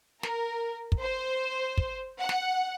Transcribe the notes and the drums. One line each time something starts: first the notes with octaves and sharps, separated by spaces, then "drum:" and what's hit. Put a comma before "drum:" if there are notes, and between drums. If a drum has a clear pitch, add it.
A#4, drum: snare
drum: kick
C5
drum: kick
F#5
drum: snare